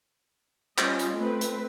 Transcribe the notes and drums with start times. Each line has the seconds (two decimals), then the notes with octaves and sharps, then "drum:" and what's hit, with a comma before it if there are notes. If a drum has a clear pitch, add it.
0.78 G3 C#4 F4 D#5, drum: clap
0.99 drum: hi-hat
1.17 A3 C4 B4
1.41 drum: hi-hat